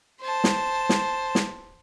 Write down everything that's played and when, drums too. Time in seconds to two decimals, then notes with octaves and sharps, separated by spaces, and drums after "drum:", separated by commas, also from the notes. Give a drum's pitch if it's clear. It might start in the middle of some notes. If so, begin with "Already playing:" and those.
0.21 C5 A5
0.44 drum: snare
0.89 drum: snare
1.35 drum: snare